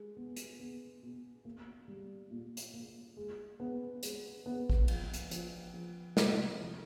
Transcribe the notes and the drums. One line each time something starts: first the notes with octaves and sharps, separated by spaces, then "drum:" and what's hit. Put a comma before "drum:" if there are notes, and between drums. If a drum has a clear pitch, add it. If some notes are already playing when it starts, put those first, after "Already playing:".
Already playing: G#3
B3
drum: hi-hat
B3
B2
A#3
G3
A#2
drum: hi-hat
A#3
G#3
B3
G#3, drum: hi-hat
B3
drum: kick A1
F3, drum: cymbal
drum: hi-hat
F3, drum: hi-hat
F3
C3, drum: snare
F3